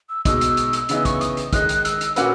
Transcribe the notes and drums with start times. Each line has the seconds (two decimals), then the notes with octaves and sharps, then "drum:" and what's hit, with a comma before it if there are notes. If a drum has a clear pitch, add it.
0.09 E6
0.25 B2 G#3 D#4 E6, drum: kick, hi-hat
0.41 drum: hi-hat
0.57 drum: hi-hat
0.73 drum: hi-hat
0.89 C#3 E3 B3 D#4 E6, drum: hi-hat
1.05 C#6, drum: kick, hi-hat
1.21 D#6, drum: hi-hat
1.37 drum: hi-hat
1.53 D#3 G#3 D#4 F#6, drum: kick, hi-hat
1.69 drum: hi-hat
1.85 E6, drum: hi-hat
2.01 drum: hi-hat
2.16 A#2 A#3 C#4 F#4 B4, drum: hi-hat